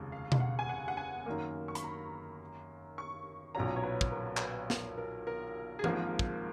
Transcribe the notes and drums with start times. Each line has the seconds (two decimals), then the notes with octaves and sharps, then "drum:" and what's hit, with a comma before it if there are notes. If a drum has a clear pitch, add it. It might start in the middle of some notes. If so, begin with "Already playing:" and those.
Already playing: F1 D#2 C#3 G#3
0.12 F5
0.32 F5, drum: tom B2
0.40 F#5
0.59 G#5
0.69 F#5
0.88 F#5
0.97 G#5
1.26 F#2 D#3 A#3
1.68 C#6
1.75 B5, drum: hi-hat
1.84 A#5
2.98 C#6
3.55 B1 A#2 F#3 C#4 A#5
3.76 C#5
3.83 B4
4.01 drum: kick
4.12 A#4
4.37 C#5, drum: clap
4.40 B4
4.70 A#4, drum: snare
4.98 A#4
5.27 A#4
5.79 G#4
5.84 G#1 G#2 F3 A#3 A#4, drum: tom
6.19 drum: kick